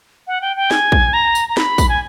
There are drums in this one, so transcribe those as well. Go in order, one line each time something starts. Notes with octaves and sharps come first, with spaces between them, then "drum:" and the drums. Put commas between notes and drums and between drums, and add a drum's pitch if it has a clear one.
F#5
G5
G5
G#5, drum: snare
drum: kick
A#5
drum: tambourine
A#5
B5, drum: snare
drum: kick, tambourine
G#5